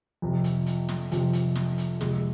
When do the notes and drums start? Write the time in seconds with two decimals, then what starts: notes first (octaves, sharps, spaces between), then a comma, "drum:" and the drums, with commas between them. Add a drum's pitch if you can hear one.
0.22 F2 C3 F3
0.44 drum: hi-hat
0.66 drum: hi-hat
0.89 drum: snare
1.11 F2 C3 F3, drum: hi-hat
1.33 drum: hi-hat
1.55 drum: snare
1.78 drum: hi-hat
2.01 F2 C3 G#3, drum: snare